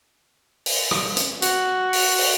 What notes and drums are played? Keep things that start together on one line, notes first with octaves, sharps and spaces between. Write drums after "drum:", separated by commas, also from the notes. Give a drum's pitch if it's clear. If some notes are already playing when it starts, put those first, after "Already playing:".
drum: open hi-hat
drum: rim click
drum: hi-hat
F#4, drum: hi-hat
drum: open hi-hat
drum: open hi-hat